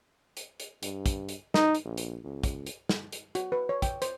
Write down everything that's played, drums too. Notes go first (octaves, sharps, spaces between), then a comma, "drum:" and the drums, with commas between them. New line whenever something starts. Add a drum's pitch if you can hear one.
drum: hi-hat
drum: hi-hat
G2, drum: hi-hat
drum: kick, hi-hat
drum: hi-hat
D#4, drum: snare
drum: hi-hat
A#1
drum: hi-hat
C#2
drum: kick, hi-hat
drum: hi-hat
drum: snare
drum: hi-hat
F#4, drum: hi-hat
B4
C#5
G5, drum: kick, hi-hat
C5, drum: hi-hat